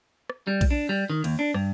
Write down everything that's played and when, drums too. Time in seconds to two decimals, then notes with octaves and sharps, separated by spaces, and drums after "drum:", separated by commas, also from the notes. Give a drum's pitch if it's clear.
0.30 drum: rim click
0.47 G3
0.61 drum: kick A#1, cymbal
0.71 D4
0.89 G3
1.10 D#3
1.24 D#2, drum: cymbal
1.39 D4
1.54 G2, drum: rim click